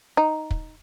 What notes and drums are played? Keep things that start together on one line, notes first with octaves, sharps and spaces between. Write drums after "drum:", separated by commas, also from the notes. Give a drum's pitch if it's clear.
D#4
drum: kick